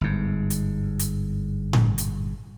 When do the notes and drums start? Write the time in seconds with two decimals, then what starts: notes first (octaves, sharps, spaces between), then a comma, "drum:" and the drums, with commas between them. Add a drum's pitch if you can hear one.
0.01 G1 G#2
0.50 drum: hi-hat
0.99 drum: hi-hat
1.73 drum: tom A2
1.98 drum: hi-hat